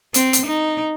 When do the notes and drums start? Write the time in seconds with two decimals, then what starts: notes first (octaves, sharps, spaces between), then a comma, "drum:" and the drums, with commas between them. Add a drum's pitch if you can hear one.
0.14 C4, drum: hi-hat
0.33 drum: hi-hat
0.46 D#4